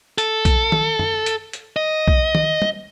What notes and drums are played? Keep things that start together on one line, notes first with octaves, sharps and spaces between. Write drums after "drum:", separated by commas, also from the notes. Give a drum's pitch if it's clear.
A4, drum: hi-hat
drum: kick B1, hi-hat
drum: tom
drum: tom F#2
drum: hi-hat
drum: hi-hat
D#5
drum: kick B1
drum: tom
drum: tom